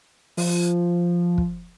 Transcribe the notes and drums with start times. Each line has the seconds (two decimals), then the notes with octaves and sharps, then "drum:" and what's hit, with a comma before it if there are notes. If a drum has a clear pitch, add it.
0.37 F3, drum: open hi-hat
1.38 drum: kick